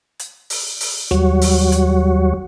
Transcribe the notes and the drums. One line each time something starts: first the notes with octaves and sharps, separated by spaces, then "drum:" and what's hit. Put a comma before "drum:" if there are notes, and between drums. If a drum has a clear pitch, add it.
drum: hi-hat
drum: open hi-hat
drum: open hi-hat
D#2 F#3 G3 F#4 C#5, drum: snare
drum: open hi-hat
drum: hi-hat